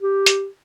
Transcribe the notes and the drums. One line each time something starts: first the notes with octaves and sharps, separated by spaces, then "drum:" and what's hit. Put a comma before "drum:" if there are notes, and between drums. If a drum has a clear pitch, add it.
G4
drum: hi-hat